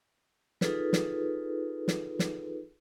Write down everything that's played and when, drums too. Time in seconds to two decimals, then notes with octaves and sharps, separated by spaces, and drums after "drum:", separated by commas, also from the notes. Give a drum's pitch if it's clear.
0.61 D#4 F4 G#4 A4 B4, drum: snare
0.93 drum: snare
1.88 drum: snare
2.19 drum: snare